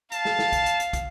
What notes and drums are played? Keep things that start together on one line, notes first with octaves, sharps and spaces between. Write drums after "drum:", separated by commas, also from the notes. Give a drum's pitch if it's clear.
F5 A5, drum: hi-hat
drum: snare
drum: snare
drum: kick, hi-hat
drum: hi-hat
drum: hi-hat
drum: kick, hi-hat